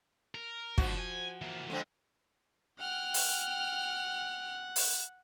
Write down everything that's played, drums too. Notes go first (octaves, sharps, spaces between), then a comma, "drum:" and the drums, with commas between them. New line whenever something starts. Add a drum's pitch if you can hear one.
A#4
G#2 D3 F3 F#4, drum: kick
G#5
E3 A#3
F2 D3 G#3 C4
F#5 G5 F6
drum: open hi-hat
drum: open hi-hat